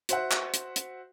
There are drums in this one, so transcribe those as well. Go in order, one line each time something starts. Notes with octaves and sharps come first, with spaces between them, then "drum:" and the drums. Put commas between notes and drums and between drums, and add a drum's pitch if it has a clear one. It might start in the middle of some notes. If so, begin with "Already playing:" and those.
F#4 C5 E5 F#5, drum: hi-hat
drum: clap
drum: hi-hat
drum: hi-hat